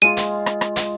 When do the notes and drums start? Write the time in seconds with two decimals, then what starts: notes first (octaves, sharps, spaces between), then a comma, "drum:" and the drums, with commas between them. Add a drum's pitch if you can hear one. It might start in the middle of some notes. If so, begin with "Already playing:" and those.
0.02 G#3 F4 D#7
0.17 drum: hi-hat
0.46 drum: rim click
0.61 drum: rim click
0.76 drum: hi-hat